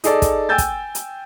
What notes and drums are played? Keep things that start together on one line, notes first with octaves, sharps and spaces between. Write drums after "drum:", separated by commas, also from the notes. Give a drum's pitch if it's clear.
D#4 G#4 A4 D5, drum: hi-hat
drum: kick, hi-hat
G5 G#5 E6 G6 A6
drum: kick, hi-hat
drum: hi-hat